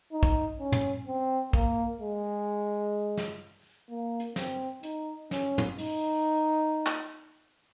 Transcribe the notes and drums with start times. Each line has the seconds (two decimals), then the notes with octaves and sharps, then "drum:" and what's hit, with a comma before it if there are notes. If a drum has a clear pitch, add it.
0.12 D#4
0.23 drum: kick
0.59 C#4
0.72 drum: tom
1.07 C4
1.53 A#3, drum: kick
2.01 G#3
3.17 drum: snare
3.89 A#3
4.20 drum: hi-hat
4.36 C4, drum: snare
4.83 D#4, drum: hi-hat
5.31 C#4, drum: snare
5.58 drum: tom
5.78 D#4, drum: open hi-hat
6.86 drum: clap